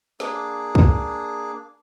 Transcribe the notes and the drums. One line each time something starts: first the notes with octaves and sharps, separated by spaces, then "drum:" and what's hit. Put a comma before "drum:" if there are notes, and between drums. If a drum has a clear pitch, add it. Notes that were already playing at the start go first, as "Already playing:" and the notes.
A#3 D4 G#4, drum: snare
drum: kick